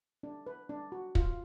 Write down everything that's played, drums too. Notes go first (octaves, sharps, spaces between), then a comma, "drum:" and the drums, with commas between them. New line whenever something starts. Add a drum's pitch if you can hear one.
D4
B4
D4
F#4
F4, drum: kick